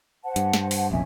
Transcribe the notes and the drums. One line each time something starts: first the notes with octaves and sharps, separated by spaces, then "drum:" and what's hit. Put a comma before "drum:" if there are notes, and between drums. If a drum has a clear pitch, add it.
C5 F#5 A5
G2, drum: hi-hat
drum: snare
drum: open hi-hat
F1 A#1 F2 C#4 E5 G#5